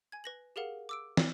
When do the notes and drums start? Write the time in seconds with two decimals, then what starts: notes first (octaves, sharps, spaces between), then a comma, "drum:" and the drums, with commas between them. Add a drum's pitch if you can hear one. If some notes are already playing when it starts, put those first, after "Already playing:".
0.12 G#5 G#6
0.24 B4 A#6 F#7
0.56 G4 G#4 A#4 F5 F#5
0.89 D6 E6 D7
1.17 D5, drum: snare